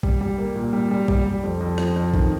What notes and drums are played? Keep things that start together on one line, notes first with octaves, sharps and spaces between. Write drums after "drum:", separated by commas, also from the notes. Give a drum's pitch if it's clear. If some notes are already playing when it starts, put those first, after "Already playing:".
G3, drum: kick
G3
A#3
A#2
G3
G3
G3, drum: kick
G3
F2
F2
F3, drum: rim click
F2
D#3, drum: kick